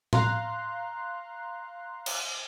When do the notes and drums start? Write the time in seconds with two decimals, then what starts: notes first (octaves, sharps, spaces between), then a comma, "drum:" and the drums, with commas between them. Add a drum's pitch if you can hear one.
0.13 F5 A#5 C6 F#6, drum: tom A2
2.06 drum: cymbal